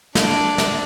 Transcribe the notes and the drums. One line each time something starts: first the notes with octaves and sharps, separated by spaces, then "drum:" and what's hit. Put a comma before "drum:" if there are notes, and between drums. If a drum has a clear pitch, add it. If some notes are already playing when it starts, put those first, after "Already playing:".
D4, drum: snare
drum: snare